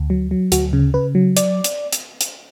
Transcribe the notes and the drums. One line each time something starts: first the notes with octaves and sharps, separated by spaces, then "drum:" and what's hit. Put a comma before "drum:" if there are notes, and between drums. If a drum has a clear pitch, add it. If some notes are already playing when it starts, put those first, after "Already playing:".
Already playing: D2
F#3
F#3
D2 F#4, drum: hi-hat
C#3
C#3 B4
F#3
D5, drum: hi-hat
drum: hi-hat
drum: hi-hat
drum: hi-hat